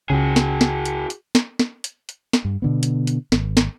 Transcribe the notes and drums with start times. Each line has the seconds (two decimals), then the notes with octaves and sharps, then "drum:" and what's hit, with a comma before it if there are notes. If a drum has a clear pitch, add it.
0.10 C#2 C#3 F#4 G#4
0.36 drum: snare
0.61 drum: snare
0.85 drum: hi-hat
1.10 drum: hi-hat
1.35 drum: snare
1.59 drum: snare
1.84 drum: hi-hat
2.09 drum: hi-hat
2.33 drum: snare
2.45 G2
2.62 B2 D3 B3
2.83 drum: hi-hat
3.07 drum: hi-hat
3.32 G#1, drum: snare
3.57 drum: snare